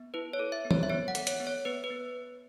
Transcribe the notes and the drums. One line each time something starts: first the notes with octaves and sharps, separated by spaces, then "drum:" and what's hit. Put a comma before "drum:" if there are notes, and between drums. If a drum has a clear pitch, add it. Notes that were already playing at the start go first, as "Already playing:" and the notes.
Already playing: B3
E4 B4
C#5
A4
E5
B3
C#5, drum: tom E3
E5
B3 C#5
F#5
A4, drum: hi-hat
C#5, drum: hi-hat
B3
C#5
B3 B4
B4
B3